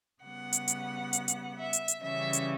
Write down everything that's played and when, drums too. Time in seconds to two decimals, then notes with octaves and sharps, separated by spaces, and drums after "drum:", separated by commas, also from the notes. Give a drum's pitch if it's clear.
0.22 C#3 G3 B3 F#5
0.53 drum: hi-hat
0.68 drum: hi-hat
1.13 drum: hi-hat
1.28 drum: hi-hat
1.58 E5
1.73 drum: hi-hat
1.88 drum: hi-hat
2.02 C#3 E3 G3 C#4 E5
2.33 drum: hi-hat